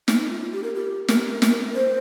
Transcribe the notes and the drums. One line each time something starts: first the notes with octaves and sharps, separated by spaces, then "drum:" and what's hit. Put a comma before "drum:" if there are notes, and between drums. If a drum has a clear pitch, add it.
D#4, drum: snare
D#4
F4
F4
G4
A#4
G4
A#4, drum: snare
drum: snare
C5